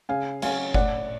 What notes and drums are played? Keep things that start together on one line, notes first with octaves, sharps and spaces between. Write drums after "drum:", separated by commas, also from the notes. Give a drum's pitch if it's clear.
C#3 F5 G#5
F#3 C#4 F5 G#5, drum: cymbal
A2 D5 F#5, drum: kick F#1